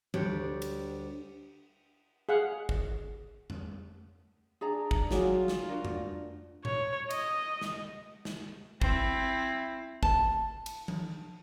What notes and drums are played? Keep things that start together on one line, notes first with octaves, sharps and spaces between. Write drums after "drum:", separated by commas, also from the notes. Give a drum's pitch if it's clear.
D2 G3 D4 G4 C5 C#5, drum: tom F3
drum: cymbal
G#4 F5 F#5
drum: kick
drum: tom F2
D4 G#4 D5 A#5
drum: kick
F#3 D#4 F4 G#4 D5, drum: snare
drum: snare
D4 F#4 A#4
drum: tom F2
C#5, drum: tom A#2
D#5, drum: cymbal
drum: snare
drum: snare
C4 E4, drum: kick
A5, drum: kick
drum: cymbal
drum: tom F3